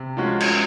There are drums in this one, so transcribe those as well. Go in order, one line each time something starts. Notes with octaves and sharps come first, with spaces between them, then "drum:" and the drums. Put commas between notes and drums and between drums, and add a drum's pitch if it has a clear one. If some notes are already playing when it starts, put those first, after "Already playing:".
Already playing: C3
F3 G#3 C#4 F#4
drum: cymbal